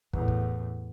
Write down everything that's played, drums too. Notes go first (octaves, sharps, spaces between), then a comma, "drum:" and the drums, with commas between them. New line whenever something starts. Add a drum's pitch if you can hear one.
E2 A2, drum: kick
drum: kick